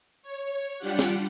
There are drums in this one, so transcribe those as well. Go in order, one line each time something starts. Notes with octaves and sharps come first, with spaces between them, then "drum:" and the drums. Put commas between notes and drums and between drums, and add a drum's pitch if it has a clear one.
C#5
G3 D4 F4 G4 F#5
drum: snare